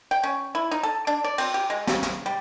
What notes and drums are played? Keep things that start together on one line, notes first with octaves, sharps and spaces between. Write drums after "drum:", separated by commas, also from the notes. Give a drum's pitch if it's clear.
G5
C#4
E4
D#4
A4
D4
D5
C4, drum: cymbal
G4
G#3
C#3, drum: snare
drum: snare
G3